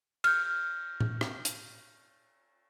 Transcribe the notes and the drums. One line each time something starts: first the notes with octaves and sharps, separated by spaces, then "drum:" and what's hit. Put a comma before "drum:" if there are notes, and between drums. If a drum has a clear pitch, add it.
F6 G6, drum: cymbal
drum: tom A2
drum: rim click
drum: hi-hat